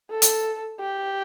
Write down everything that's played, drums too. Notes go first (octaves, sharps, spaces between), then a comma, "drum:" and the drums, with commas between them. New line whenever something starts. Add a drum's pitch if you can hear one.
A4
drum: hi-hat
G4